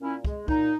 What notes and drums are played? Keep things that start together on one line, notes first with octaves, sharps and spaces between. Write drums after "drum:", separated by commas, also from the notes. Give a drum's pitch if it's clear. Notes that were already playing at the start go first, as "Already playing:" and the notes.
A#2 C#4 E4
G#3, drum: kick
A#2 D#4, drum: kick